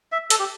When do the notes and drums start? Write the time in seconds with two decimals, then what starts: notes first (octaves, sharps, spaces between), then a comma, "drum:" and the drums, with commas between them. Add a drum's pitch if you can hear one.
0.12 E5
0.30 A4, drum: hi-hat
0.39 G4